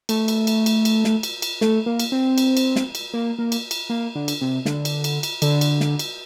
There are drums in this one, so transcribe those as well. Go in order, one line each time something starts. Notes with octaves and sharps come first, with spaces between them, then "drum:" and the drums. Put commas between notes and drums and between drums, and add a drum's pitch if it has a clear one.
A3, drum: cymbal
drum: cymbal
drum: cymbal
drum: cymbal
drum: cymbal
drum: snare
drum: cymbal
drum: cymbal
A3, drum: snare
A#3
drum: cymbal
C4
drum: cymbal
drum: cymbal
drum: snare
drum: cymbal
A#3
A#3
drum: cymbal
drum: cymbal
A#3
D3
drum: cymbal
C3
D3, drum: snare
drum: cymbal
drum: cymbal
drum: cymbal
D3, drum: cymbal
drum: cymbal
drum: snare
drum: cymbal